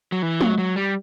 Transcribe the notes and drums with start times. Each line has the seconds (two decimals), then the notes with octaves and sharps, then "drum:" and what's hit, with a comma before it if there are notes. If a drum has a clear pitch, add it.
0.12 F#3
0.22 E3
0.41 F#3, drum: tom G#3
0.58 F#3
0.76 G3